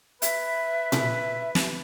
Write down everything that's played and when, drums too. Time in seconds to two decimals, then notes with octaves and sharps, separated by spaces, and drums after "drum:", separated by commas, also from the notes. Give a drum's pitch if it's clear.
0.22 B4 E5, drum: hi-hat
0.92 drum: tom A#2
1.55 drum: snare